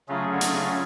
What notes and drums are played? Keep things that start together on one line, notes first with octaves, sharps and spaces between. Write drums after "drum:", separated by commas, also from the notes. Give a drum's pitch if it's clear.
C#3 F#3 A3 C#4 F4 G#4
D3
drum: hi-hat
C#3